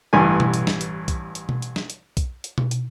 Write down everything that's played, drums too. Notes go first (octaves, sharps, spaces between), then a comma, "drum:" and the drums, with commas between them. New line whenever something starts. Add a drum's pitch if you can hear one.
A1 G2 E3 G#5
drum: tom B2
drum: hi-hat
drum: snare
drum: hi-hat
drum: kick B1, hi-hat
drum: hi-hat
drum: tom B2
drum: hi-hat
drum: snare
drum: hi-hat
drum: kick B1, hi-hat
drum: hi-hat
drum: tom B2
drum: hi-hat